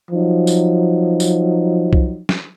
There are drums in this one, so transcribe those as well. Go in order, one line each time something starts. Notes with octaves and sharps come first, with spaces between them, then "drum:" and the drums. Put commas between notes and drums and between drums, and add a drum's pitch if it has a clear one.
F3 F#3 D#4
drum: tambourine
drum: tambourine
drum: kick C2
drum: snare